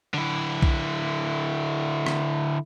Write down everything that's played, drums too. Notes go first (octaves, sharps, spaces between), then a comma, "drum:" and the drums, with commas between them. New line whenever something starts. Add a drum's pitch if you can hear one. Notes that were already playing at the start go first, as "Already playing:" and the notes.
D3 E4
drum: kick B1
drum: rim click